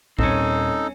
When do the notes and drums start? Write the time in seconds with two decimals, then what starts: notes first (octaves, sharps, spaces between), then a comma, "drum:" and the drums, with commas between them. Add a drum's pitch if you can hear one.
0.19 D#1 C4 C#4 D#4 A4, drum: kick A#1